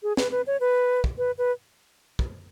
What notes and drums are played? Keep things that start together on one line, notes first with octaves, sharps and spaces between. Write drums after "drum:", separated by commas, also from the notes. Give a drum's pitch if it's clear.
G#4
B4, drum: snare
B4
C#5
B4
drum: kick
B4
B4
drum: kick